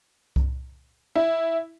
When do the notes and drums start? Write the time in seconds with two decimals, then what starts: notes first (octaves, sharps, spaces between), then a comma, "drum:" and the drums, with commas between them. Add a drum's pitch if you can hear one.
0.36 drum: kick C2
1.16 E4